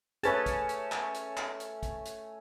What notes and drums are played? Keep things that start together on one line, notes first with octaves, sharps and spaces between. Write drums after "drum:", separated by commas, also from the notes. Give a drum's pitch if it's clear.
A3 C#4 G#4 B4 C#5 A5, drum: hi-hat
drum: kick, hi-hat
drum: hi-hat
drum: clap
drum: hi-hat
drum: clap
drum: hi-hat
drum: kick, hi-hat
drum: hi-hat